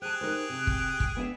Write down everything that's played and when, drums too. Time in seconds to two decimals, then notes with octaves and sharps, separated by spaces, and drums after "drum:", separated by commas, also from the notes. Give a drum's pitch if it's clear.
0.02 G4 G#4 C5 A5 F#6
0.21 D#4 A#4 C5 F#6
0.49 C3
0.67 drum: kick
1.00 drum: kick
1.17 B3 D4 E5